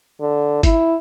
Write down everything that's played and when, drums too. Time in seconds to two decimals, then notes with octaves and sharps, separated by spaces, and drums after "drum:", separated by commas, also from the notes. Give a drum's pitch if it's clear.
0.21 D3
0.63 E4, drum: kick G#1, hi-hat